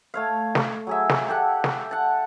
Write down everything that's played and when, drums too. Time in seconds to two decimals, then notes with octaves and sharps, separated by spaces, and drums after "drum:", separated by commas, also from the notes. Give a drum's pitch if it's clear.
0.14 A3 C#5 F5
0.55 drum: snare
0.87 F#3 G#4 E5
1.09 drum: snare
1.28 G4 A4 F#5
1.64 drum: snare
1.91 F#5 A5